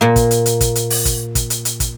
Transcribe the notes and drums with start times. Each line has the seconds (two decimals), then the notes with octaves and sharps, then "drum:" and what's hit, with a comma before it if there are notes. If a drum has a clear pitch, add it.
0.01 A#2 A#3
0.16 drum: kick, hi-hat
0.31 drum: hi-hat
0.46 drum: hi-hat
0.61 drum: kick, hi-hat
0.75 drum: hi-hat
0.90 drum: open hi-hat
1.05 drum: kick, hi-hat
1.35 drum: kick, hi-hat
1.50 drum: hi-hat
1.65 drum: hi-hat
1.80 drum: kick, hi-hat